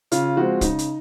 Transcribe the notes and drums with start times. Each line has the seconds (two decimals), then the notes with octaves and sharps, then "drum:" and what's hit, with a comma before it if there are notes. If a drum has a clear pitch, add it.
0.12 C#3 F4, drum: hi-hat
0.36 F3 G#3 C4 F#4
0.61 C#3 D#4, drum: kick, hi-hat
0.79 drum: hi-hat